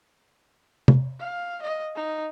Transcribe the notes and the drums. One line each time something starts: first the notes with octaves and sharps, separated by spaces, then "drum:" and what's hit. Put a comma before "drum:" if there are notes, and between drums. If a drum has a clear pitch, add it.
drum: tom C3
F5
D#5
D#4